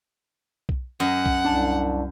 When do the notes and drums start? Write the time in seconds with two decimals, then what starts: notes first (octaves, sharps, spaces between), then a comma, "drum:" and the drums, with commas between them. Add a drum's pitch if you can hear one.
0.69 drum: kick B1
1.00 F#2 D#5 F#5
1.26 drum: kick B1
1.45 C2 D4 A5